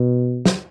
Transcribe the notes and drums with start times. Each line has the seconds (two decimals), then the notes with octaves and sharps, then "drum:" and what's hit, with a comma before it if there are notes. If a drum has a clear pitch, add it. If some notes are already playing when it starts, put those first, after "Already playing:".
Already playing: B2
0.45 drum: snare